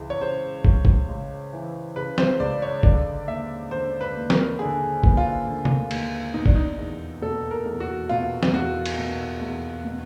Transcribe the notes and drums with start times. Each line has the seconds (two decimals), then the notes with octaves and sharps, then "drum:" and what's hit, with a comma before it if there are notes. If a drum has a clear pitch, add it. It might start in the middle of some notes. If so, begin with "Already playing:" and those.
Already playing: C#2 E3
0.10 C#5
0.21 C#3 C5
0.65 C#2, drum: kick
0.85 drum: kick
1.09 C#2
1.53 E3
1.96 C#3 B4
2.18 C5, drum: snare
2.40 C#2 D5
2.62 C#5
2.83 D3 D5, drum: kick
3.28 D#2 E5
3.71 D3 C5
4.01 B4
4.16 D#2
4.30 A#4, drum: snare
4.59 D3 G#4
5.04 D#2, drum: kick
5.17 F4
5.47 D3
5.65 drum: tom C3
5.91 D#2, drum: cymbal
6.34 B2 D#4
6.46 D4, drum: kick
6.55 D#4
6.79 E2
7.22 B2 A4
7.51 A#4
7.66 E2
7.80 F#4
8.09 B2 F4
8.43 drum: snare
8.53 E2 F#4
8.86 drum: cymbal
8.98 B2
9.41 E2
9.85 B2